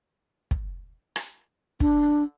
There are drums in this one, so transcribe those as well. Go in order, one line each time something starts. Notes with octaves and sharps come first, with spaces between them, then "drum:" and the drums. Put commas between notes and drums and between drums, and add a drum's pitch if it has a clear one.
drum: kick
drum: rim click
D4, drum: kick